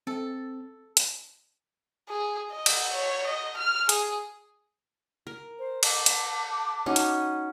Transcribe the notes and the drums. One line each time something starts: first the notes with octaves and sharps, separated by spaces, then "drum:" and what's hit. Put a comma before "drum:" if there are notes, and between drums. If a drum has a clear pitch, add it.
C4 A4
drum: hi-hat
G#4
D#5
drum: cymbal
C#5
D#5
F6
G#4, drum: hi-hat
A#4
C5
A5 D6, drum: cymbal
drum: hi-hat
C#4 D#4 F#4
drum: hi-hat